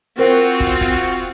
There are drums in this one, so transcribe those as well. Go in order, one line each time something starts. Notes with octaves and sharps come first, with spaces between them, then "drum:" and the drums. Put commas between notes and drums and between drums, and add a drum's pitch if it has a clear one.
C4 F4 F#4 A#4 C5
drum: kick
drum: kick